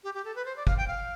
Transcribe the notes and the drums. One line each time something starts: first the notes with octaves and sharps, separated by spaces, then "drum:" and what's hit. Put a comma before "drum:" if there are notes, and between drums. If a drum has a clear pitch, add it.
G4
G4
A4
B4
C5
D5
F5, drum: kick
G5
F5